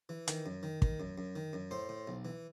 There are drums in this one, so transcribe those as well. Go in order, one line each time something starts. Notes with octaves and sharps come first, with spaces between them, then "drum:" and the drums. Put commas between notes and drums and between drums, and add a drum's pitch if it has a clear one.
E3
D#3, drum: hi-hat
F#2
D#3
D#3, drum: kick
F#2
F#2
D#3
F#2
A2 C5
A2
B1
E3